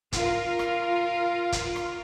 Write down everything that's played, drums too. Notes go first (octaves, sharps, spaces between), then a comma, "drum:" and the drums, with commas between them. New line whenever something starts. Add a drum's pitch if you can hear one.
F4 A#4, drum: kick, hi-hat
drum: rim click
drum: kick, hi-hat
drum: rim click